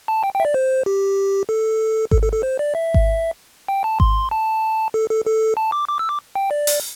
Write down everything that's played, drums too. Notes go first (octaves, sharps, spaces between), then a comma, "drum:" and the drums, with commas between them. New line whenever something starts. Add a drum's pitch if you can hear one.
A5
G5
G5
E5
D5
C5
G4
A4
A4, drum: kick G#1
A4
A4
C5
D5
E5
drum: kick G#1
G5
A5
C6, drum: kick G#1
A5
A4
A4
A4
A5
D6
D6
E6
D6
G5
D5
drum: open hi-hat